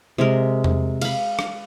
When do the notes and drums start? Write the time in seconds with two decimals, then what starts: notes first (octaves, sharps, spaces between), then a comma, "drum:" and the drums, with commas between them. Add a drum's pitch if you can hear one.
0.18 C3 G#3 A#4
0.64 drum: tom E2
1.02 F5 B5, drum: cymbal
1.39 drum: rim click